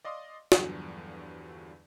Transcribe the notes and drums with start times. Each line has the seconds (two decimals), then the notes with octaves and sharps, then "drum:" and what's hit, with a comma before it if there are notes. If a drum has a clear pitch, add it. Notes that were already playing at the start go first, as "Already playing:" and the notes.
0.04 D5 D#5 F5 C6 D6 D#6
0.52 E2 G2 D3 F3 F#3, drum: snare